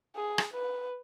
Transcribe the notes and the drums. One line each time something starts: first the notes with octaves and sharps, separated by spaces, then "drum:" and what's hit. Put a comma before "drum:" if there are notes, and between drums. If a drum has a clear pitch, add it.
G#4
drum: rim click
B4